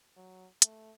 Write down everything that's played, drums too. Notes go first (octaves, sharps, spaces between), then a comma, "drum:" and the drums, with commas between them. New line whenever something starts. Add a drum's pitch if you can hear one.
F#3
A3, drum: hi-hat